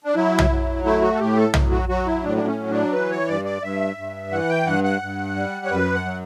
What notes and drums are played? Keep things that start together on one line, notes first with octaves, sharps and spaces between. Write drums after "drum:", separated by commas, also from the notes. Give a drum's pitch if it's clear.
D4
F#3 E4
drum: tom B1
F#3
A3 E4
F#4
A4
A2 G4
A4
F#3, drum: tom B1
F#4
F#3 F#4
E4
A2 D4
D4
C#4
F#3
D4
E3 B4
C#5
G2 D5
D5
G2 E5
G2
E3 F#5
G5
G2 F#5
F#5
G2
G3
C#5
F#2 B4
F#5
F#3